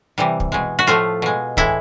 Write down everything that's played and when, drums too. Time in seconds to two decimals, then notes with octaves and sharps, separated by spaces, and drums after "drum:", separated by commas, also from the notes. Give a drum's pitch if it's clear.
0.18 C3 E3 G3
0.40 drum: kick
0.52 B2 G#3
0.79 F#4
0.87 A2 F3 A3 F4
1.22 B2 G#3
1.57 A2 E3 G#3 E4, drum: kick